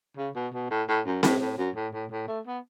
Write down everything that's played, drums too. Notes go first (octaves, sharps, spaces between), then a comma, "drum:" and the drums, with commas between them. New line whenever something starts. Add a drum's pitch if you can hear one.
C#3
B2
B2
A2
A2
F#2
A2, drum: snare C4
A2
F#2
A2
A2
A2
A3
B3